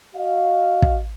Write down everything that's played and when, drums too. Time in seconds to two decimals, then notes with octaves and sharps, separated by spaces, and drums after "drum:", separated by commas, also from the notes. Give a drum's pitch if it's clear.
0.16 F#4 D#5 F5
0.82 drum: kick